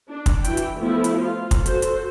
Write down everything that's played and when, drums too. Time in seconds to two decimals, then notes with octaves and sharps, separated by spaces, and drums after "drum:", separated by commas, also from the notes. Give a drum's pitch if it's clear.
0.10 D4
0.26 drum: kick, hi-hat
0.44 E3 E4 F#4 G5, drum: hi-hat
0.57 drum: hi-hat
0.81 F3 A3 B3 E4
1.04 drum: hi-hat
1.23 F4
1.51 drum: kick, hi-hat
1.66 F#4 A4 C5, drum: hi-hat
1.82 drum: hi-hat